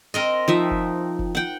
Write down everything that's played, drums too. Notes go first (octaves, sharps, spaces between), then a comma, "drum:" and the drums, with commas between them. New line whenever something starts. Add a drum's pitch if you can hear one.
C4 A#4 D#5
F3 D#4 E5
drum: kick F1
drum: kick F1
F#5 G5